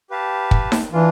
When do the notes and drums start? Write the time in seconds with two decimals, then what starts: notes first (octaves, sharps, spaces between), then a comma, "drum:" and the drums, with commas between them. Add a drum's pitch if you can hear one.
0.10 G4 B4 F5 A5
0.51 drum: kick
0.72 drum: snare D#4
0.92 E3 D4 F4